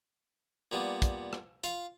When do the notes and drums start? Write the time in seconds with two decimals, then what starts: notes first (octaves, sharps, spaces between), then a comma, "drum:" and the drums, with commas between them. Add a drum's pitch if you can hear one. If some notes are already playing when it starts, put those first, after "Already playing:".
0.72 A#2 G3 B3
1.02 drum: kick, hi-hat
1.33 drum: rim click
1.64 F4 F5, drum: hi-hat